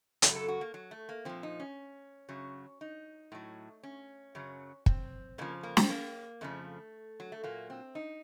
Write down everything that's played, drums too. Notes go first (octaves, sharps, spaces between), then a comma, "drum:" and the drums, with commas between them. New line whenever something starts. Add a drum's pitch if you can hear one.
F#2 C#3 F#3 A4, drum: hi-hat
A4
F#4
A#3
F#3
A3
A#3
A#2 F3 C4
D#4
C#4
F#2 C#3 F#3
D#4
A2 F#3
C#4
F#2 C#3 F#3
C4, drum: kick
F2 C#3 F3 A#3
A#3
C4, drum: snare
A#3
F2 C#3 F3 A3
F#3
A3
A#2 F#3 A#3
C4
D#4